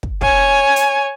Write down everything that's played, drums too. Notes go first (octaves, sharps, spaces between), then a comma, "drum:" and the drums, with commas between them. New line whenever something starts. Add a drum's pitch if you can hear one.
drum: kick
C#5 G#5, drum: kick
drum: hi-hat